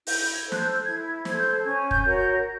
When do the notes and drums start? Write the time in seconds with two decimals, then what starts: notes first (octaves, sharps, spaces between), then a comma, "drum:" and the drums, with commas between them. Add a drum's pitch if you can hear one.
0.07 E4 G6, drum: open hi-hat
0.33 G#6
0.45 A4 C5
0.52 F#6, drum: snare
0.59 G6
0.86 E4 G#6
1.25 A4 C5 G#6, drum: snare
1.39 G6
1.64 C#4 G#6
1.91 G6, drum: kick
2.04 F#4 A#4 C#5
2.17 G6